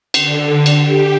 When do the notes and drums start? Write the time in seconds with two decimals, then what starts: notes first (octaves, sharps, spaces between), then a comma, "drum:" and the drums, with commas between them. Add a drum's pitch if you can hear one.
0.14 D3, drum: cymbal
0.66 drum: cymbal
0.80 G4